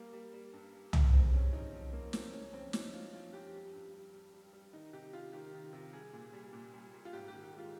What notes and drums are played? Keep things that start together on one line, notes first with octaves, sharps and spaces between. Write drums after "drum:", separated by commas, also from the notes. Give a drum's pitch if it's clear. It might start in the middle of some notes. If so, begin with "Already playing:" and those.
Already playing: G3 A#3
G3
G3
G2
G3
G3, drum: tom
G#3 C4
G2 C#4
F3 D#4
F3
F3 A#3
G2 C4, drum: snare
C#3 C#4
F2 C4
F2 D#4, drum: snare
F2 F4
F2 F4
F2 G4
G3 G4
G2
G3
G3
G3
G3
D#3 D#4
C3 G4
C3 F4
D#3 G4
D#3
C3
G3 G#4
A#2
G3
A#2
G3
G3
F4
G#2 G4
D#3 G4
G4
G#3 F4